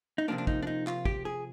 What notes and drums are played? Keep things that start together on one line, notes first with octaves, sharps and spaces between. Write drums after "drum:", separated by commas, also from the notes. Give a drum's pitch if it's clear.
D#4
C3 F3 A#3 D4
D4
D#4, drum: kick
D4
D#4
F4, drum: clap
G4, drum: kick
G#4